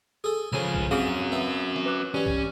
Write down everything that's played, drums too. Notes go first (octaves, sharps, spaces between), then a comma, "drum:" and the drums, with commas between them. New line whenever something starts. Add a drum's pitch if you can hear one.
G#4 A4
C#2 F3 C#4 G#4 G#5
drum: kick
C4 C#4 F#4 G#4 F5 D6
B3 E5
drum: snare
B4 D6 F#6
E3 G3 C#4
drum: kick